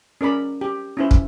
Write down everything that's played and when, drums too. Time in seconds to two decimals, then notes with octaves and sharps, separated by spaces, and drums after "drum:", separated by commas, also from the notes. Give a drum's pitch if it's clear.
0.21 C#4 A#4 D5 B5
0.61 G4
0.97 C#4 E4 C5
1.11 drum: kick